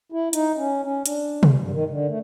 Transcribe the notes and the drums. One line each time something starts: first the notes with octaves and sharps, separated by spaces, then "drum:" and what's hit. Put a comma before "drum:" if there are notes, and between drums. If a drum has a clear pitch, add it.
E4
D#4, drum: hi-hat
C#4
C#4
D4, drum: hi-hat
drum: tom
G2
D#3
D3
A3